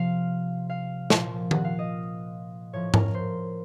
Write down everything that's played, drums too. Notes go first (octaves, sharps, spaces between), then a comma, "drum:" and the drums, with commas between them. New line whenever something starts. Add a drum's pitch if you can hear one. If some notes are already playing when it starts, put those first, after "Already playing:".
Already playing: C3 F3 F5
F5
A#2 F3, drum: snare
F#5, drum: tom D#3
F5
D#5
A2 F3 C#5
A#4, drum: tom G#2
C5